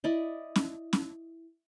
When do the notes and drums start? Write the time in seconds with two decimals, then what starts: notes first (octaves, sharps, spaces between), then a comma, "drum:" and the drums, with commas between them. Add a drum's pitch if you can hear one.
0.04 E4 D5 D#5
0.56 drum: snare
0.93 drum: snare